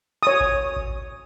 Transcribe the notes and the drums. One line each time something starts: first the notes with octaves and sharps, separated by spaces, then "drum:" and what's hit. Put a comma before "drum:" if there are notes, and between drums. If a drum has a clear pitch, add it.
C#5 D#6
drum: kick G#1
drum: kick G#1